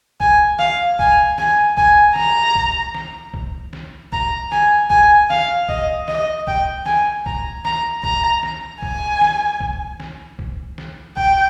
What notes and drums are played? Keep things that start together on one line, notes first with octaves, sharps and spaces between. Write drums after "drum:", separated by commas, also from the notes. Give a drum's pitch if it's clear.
G#5, drum: kick B1
F5, drum: snare
G#5, drum: kick B1
G#5, drum: snare
G#5, drum: kick B1
A#5, drum: snare
drum: kick B1
drum: snare
drum: kick B1
drum: snare
A#5, drum: kick B1
G#5, drum: snare
G#5, drum: kick B1
F5, drum: snare
D#5, drum: kick B1
D#5, drum: snare
G5, drum: kick B1
G#5, drum: snare
A#5, drum: kick B1
A#5, drum: snare
A#5, drum: kick B1
drum: snare
G#5, drum: kick B1
drum: snare
drum: kick B1
drum: snare
drum: kick B1
drum: snare
G5, drum: kick B1